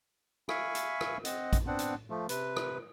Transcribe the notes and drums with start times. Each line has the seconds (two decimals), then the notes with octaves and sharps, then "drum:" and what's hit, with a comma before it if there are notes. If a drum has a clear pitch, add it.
0.49 E5 F5 G#5 B5 C#6, drum: rim click
0.75 drum: hi-hat
1.01 drum: rim click
1.25 C4 D#5 F#5, drum: hi-hat
1.53 drum: kick, hi-hat
1.67 B3 C4 D4 F#5
1.79 drum: hi-hat
2.10 F3 A3
2.29 C3 B4, drum: hi-hat
2.56 drum: rim click